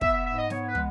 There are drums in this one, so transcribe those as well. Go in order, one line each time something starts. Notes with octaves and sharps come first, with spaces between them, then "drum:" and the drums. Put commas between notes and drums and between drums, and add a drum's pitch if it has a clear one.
B3 E5, drum: kick
E5
G#2 E5
D#5
B3 C#5, drum: snare
B4
G#3, drum: tom